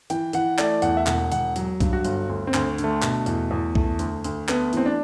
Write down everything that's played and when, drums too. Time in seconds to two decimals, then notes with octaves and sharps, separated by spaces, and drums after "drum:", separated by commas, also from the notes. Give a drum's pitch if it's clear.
0.10 E3 G5, drum: hi-hat
0.33 E3 F#5, drum: hi-hat
0.58 A3 D5, drum: clap
0.82 E2 F#5, drum: hi-hat
0.97 E5
1.07 E1 F#5, drum: clap
1.32 E1 F#5, drum: hi-hat
1.56 F#3, drum: hi-hat
1.80 G2, drum: kick B1, hi-hat
1.93 F#4
2.05 G1, drum: hi-hat
2.29 D2
2.47 C4
2.54 D2, drum: clap
2.78 D3, drum: hi-hat
2.84 A3
3.02 B2, drum: clap
3.26 E2, drum: hi-hat
3.51 E2
3.75 A3, drum: kick B1
3.99 D2, drum: hi-hat
4.24 D2, drum: hi-hat
4.49 A3 B3, drum: clap
4.73 E3 C4, drum: hi-hat
4.86 D4